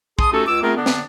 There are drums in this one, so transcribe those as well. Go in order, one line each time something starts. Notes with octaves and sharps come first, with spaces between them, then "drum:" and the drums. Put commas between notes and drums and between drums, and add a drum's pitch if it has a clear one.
G#4 A5 C6 D#6, drum: kick
A3 C#4 D#4 F#4 G4 A4
C#2 D6 E6
A3 B3 C4 F4 G#4 A#4
D3 B3 D4
drum: snare